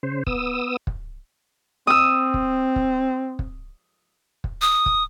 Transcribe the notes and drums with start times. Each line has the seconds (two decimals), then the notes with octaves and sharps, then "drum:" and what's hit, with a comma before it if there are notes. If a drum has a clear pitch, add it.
0.03 C#3 C5
0.27 B3 D#6 E6, drum: kick
0.87 drum: kick
1.87 C4 D#6 E6
2.34 drum: kick
2.76 drum: kick
3.39 drum: kick
4.44 drum: kick
4.61 D#6
4.86 drum: kick